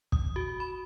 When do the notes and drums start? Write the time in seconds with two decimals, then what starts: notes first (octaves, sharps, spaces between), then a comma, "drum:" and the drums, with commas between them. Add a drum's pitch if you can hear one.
0.12 D#6, drum: kick
0.36 F#4
0.60 B5